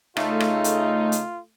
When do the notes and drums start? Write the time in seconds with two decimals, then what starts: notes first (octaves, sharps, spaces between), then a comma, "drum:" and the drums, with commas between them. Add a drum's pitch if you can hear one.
0.17 C#3 A3 D#4 F4, drum: rim click
0.40 drum: rim click
0.64 drum: hi-hat
1.12 drum: hi-hat